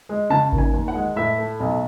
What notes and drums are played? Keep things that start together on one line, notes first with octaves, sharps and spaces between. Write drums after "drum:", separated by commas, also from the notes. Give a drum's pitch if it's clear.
G#3
C#3 A5
D#2, drum: kick G#1
G#5
D#2
F#5
G#3
A2 E5
A3
B1